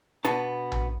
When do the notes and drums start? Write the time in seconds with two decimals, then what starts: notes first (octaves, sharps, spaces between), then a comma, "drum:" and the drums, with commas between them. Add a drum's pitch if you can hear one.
0.25 B2 B3 D4 A5, drum: hi-hat
0.72 drum: tom A#1